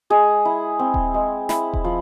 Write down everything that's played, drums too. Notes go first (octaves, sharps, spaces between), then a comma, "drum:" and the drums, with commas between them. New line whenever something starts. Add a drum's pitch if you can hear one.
G#3 G#4
E4
C4
drum: kick D#1
G#3
E4, drum: snare
drum: kick D#1
F3